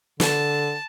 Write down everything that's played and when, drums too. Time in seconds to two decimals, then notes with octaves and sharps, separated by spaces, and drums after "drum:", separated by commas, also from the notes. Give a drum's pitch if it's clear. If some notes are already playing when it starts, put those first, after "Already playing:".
0.20 D3 A5, drum: snare